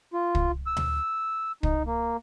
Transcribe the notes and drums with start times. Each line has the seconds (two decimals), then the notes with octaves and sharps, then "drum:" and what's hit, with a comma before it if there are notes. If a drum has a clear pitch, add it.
0.14 F4
0.35 drum: kick
0.67 E6
0.77 drum: tom D2
1.63 D#4, drum: kick
1.86 A#3